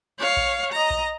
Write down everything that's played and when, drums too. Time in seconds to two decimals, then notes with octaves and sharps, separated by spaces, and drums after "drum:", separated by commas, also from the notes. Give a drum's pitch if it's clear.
0.19 C#5 F5
0.37 drum: kick A#1
0.72 D#5 A#5
0.90 drum: kick A#1